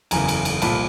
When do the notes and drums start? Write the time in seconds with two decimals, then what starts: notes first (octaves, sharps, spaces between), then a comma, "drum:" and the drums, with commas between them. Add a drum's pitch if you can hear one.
0.11 F#1 E2 C#3 G#5 A#5, drum: cymbal
0.28 drum: cymbal
0.45 drum: cymbal
0.62 C2 A#2 F3 A5 B5, drum: cymbal